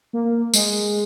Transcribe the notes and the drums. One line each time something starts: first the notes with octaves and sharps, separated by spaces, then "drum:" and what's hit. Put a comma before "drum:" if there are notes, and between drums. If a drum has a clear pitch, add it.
A#3
G#3, drum: tambourine